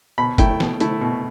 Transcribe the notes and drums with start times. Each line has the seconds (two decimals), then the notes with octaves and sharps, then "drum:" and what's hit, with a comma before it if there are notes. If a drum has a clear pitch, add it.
0.18 B2 B5
0.38 A3 E4 G5, drum: kick, hi-hat
0.60 B2, drum: snare
0.80 A3 E4, drum: hi-hat
1.01 B2